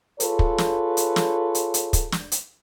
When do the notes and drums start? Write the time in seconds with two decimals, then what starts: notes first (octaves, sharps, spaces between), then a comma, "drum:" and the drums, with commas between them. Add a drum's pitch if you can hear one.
0.20 F4 G#4 A4 B4 C#5, drum: hi-hat
0.39 drum: kick
0.58 drum: snare
0.97 drum: hi-hat
1.16 drum: snare
1.55 drum: hi-hat
1.74 drum: hi-hat
1.93 drum: kick, hi-hat
2.12 drum: snare
2.32 drum: hi-hat